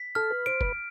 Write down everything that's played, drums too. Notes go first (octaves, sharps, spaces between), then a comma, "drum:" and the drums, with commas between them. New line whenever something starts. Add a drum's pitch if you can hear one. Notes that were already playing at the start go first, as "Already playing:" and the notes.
Already playing: B6
A4 F6
B4
C5 D7
B4, drum: kick